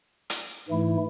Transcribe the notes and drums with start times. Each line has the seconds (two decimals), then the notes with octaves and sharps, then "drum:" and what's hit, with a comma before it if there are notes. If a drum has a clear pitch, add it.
0.30 drum: hi-hat
0.69 G#2 E3 A3 E4